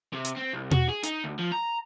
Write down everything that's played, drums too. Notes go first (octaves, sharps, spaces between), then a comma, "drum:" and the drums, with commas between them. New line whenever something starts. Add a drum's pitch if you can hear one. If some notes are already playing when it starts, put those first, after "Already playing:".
C3
drum: hi-hat
C4
C2
F#4, drum: tom B2
G#4
D#4, drum: hi-hat
D2
F3
A#5